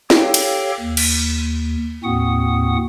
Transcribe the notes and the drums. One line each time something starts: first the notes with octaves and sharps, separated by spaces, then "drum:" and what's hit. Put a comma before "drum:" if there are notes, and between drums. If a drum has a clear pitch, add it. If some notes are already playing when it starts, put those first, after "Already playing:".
G4 A4 C#5 F5 G5, drum: snare
drum: cymbal
D#2
drum: cymbal
D#2 A2 C4 F#4 F#5 D#6